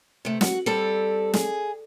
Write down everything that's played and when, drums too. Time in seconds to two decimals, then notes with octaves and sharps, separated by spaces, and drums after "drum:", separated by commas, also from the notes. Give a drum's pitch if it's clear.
0.25 C3 A3
0.41 F#4, drum: snare
0.66 G3 C4 A4
1.34 G#4, drum: snare